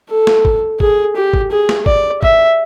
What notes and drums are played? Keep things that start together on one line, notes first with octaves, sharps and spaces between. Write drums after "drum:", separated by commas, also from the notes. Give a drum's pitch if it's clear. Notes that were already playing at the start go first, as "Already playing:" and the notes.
A4
drum: snare
drum: kick
G#4, drum: kick
G4
drum: kick
G#4
drum: snare
D5, drum: kick
E5, drum: kick